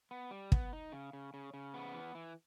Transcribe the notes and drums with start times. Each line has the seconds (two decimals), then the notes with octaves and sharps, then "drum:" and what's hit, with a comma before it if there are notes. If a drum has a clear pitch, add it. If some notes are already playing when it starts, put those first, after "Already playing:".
0.11 B3
0.31 G3
0.52 B3, drum: kick
0.73 D#4
0.92 C#3
1.13 C#3
1.34 C#3
1.54 C#3
1.74 B3
1.95 E3
2.15 E3